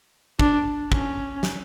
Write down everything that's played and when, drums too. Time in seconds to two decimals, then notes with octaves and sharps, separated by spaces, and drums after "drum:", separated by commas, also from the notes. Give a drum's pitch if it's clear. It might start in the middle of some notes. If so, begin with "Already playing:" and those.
0.39 D4, drum: kick
0.92 C#4, drum: kick
1.43 drum: snare